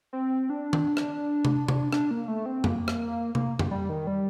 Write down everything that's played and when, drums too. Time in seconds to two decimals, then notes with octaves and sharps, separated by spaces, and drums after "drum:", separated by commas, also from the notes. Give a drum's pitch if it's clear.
0.13 C4
0.50 D4
0.73 drum: tom D#3
0.97 drum: rim click
1.45 drum: tom C3
1.68 drum: tom C3
1.93 D4, drum: rim click
2.11 A#3
2.28 A3
2.46 C4
2.64 A#3, drum: tom F2
2.88 drum: rim click
3.35 A#3, drum: tom C3
3.59 drum: tom F2
3.71 G3
3.89 D#3
4.07 G3